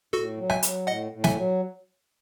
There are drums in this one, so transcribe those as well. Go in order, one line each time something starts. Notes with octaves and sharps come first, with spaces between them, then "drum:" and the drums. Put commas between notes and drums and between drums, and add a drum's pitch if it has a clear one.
A2 F#4 A4
F#3
E5 G#5, drum: rim click
F#3, drum: hi-hat
A2 D#5 F#5
A2
E5 G#5, drum: snare
F#3